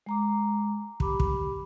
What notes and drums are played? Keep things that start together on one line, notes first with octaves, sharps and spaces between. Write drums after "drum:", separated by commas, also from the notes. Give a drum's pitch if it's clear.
G#3 A#5 D6
G4 B5 D6, drum: kick
drum: kick